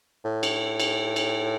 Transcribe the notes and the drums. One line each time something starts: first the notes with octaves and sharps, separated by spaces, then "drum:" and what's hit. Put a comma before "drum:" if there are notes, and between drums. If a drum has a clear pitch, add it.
A2
drum: cymbal
drum: cymbal
drum: cymbal